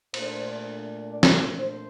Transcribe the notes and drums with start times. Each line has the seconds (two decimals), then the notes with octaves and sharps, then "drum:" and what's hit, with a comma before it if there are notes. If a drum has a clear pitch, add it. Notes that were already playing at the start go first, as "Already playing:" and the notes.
0.14 A#2 A3 D4 C5, drum: cymbal
1.10 D5
1.23 drum: snare
1.59 C5